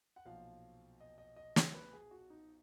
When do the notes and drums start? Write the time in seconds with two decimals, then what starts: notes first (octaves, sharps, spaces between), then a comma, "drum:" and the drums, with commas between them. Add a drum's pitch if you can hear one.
0.16 F#5
0.25 B1 A#2 F3 F5
1.00 D#5
1.18 D#5
1.36 D#5
1.56 C#5, drum: snare
1.74 B4
1.93 G#4
2.11 F#4
2.30 D#4